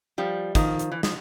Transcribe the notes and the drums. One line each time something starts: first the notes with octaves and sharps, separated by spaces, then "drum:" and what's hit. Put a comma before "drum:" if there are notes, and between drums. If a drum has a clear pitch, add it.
F3 G3
D#3 F3, drum: kick, hi-hat
drum: hi-hat
E3
F3, drum: snare